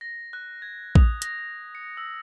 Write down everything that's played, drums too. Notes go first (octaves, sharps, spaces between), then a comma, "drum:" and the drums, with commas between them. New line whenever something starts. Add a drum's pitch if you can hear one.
A#6
F#6
G#6
D#6, drum: kick A#1
A#6, drum: hi-hat
A#6
C#7
E6